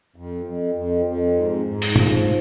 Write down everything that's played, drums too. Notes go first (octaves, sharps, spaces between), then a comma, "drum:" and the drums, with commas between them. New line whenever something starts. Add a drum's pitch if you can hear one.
F2
F2
F2
F2
G#2
G#2
drum: open hi-hat
F3, drum: tom